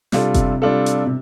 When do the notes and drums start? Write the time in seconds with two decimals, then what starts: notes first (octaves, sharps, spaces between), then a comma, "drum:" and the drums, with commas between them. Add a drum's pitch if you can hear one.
0.12 C3 G3 D4 F4 A4, drum: snare
0.34 C3, drum: kick F#1, hi-hat
0.62 G3 D4 F4 A4
0.86 drum: hi-hat
1.06 C3